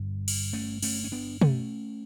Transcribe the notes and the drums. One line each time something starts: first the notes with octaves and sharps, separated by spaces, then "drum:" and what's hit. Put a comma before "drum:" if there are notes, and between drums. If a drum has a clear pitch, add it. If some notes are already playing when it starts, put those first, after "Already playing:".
Already playing: G1 G2 D3 G3
drum: cymbal
A3 C#4
A3 C#4, drum: cymbal
C#4
B3 D4
A3 C#4, drum: tom